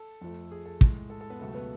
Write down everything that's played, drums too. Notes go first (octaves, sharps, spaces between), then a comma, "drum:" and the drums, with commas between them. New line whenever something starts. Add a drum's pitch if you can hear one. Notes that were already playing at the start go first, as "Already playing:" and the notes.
Already playing: A4
F2 F3 A3
G#4
A4
A2 G#3, drum: kick
A4
A4
B3 B4
C#2 B2 F#3 A3 A4
B3 B4